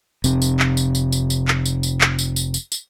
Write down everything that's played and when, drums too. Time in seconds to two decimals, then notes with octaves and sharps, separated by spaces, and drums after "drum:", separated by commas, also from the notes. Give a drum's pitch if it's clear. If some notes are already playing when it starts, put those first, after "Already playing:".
0.24 F1 C3, drum: tambourine
0.42 drum: tambourine
0.59 drum: clap
0.77 drum: tambourine
0.95 drum: tambourine
1.12 drum: tambourine
1.30 drum: tambourine
1.48 drum: clap
1.66 drum: tambourine
1.83 drum: tambourine
2.01 drum: clap
2.19 drum: tambourine
2.36 drum: tambourine
2.54 drum: tambourine
2.72 drum: tambourine